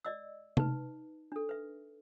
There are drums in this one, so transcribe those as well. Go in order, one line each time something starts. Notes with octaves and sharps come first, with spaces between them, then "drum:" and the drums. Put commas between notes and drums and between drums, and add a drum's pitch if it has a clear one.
D5 D#5 E6
D#4 B4, drum: tom C3
D4 A4
B4 E5